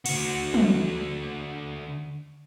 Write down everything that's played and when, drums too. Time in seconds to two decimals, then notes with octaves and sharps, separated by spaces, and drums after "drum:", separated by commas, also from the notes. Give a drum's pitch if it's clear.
0.06 D2 F#4, drum: cymbal
0.54 drum: tom